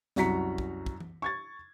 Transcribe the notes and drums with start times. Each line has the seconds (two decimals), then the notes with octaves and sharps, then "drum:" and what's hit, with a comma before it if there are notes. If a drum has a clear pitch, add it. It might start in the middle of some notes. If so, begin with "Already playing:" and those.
0.16 C2 F#2 F#4 A#5 B6 C#7, drum: snare
0.58 drum: kick
0.86 drum: kick
1.00 drum: tom E3
1.22 C#6 G#6 A6